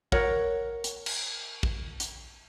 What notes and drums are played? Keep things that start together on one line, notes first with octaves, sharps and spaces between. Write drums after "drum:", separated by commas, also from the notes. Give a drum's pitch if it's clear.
A#4 C#5 F#5, drum: kick
drum: hi-hat
drum: cymbal
drum: kick
drum: hi-hat